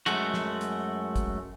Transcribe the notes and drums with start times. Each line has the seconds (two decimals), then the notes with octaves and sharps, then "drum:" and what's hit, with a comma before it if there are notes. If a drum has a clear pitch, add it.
0.06 F#2 G#3 A3 F#4, drum: hi-hat
0.34 drum: snare
0.61 drum: hi-hat
1.16 drum: kick, hi-hat